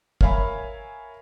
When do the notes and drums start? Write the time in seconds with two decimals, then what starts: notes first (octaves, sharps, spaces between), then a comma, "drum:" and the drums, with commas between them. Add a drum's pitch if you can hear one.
0.21 A#4 C#5 E5 F5 G#5 B5, drum: kick